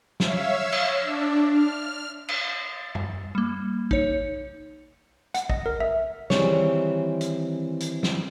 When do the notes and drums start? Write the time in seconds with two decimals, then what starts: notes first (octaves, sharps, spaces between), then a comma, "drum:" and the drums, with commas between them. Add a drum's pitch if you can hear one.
0.20 C#5 E5 F5 E6, drum: snare
0.72 drum: cymbal
1.00 D4
1.50 F6
2.28 drum: cymbal
2.95 drum: tom F#2
3.35 G3 A#3
3.91 D#4 C#5 C#7, drum: kick
5.34 F#5, drum: hi-hat
5.50 D#5, drum: kick
5.66 A#4
5.80 E5
6.30 D#3 E3 G3 C4 G#4 C#5, drum: snare
7.21 drum: hi-hat
7.80 drum: hi-hat
8.03 drum: snare